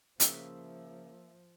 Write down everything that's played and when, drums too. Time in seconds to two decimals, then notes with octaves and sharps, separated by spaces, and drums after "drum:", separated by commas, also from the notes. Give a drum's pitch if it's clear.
0.20 C#3 F3 A#3 E5, drum: hi-hat